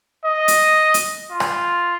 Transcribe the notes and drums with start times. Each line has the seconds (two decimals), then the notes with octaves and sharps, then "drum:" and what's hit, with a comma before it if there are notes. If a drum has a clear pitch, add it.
0.25 D#5
0.48 drum: hi-hat
0.94 drum: hi-hat
1.31 F4
1.40 drum: rim click